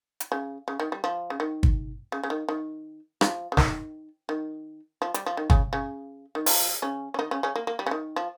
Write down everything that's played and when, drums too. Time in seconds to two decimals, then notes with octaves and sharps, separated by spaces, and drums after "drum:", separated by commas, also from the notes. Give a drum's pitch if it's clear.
0.20 drum: hi-hat
0.32 C#3
0.68 C#3
0.80 D#3
0.92 G3
1.04 F3
1.30 C#3
1.40 D#3
1.63 drum: kick
2.12 C#3
2.23 C#3
2.30 D#3
2.49 D#3
3.21 F3, drum: rim click
3.52 C#3
3.57 D#3, drum: snare
4.29 D#3
5.02 F3
5.14 G3, drum: hi-hat
5.26 F3
5.37 D#3
5.50 C#3, drum: kick
5.73 C#3
6.35 D#3
6.46 F3, drum: open hi-hat
6.82 C#3 C#4
7.14 C#4
7.19 D#3 D#4
7.31 C#3 C#4
7.43 C#3 C#4
7.56 A#3
7.67 A#3
7.79 G3
7.86 C#3
7.91 D#3
8.16 F3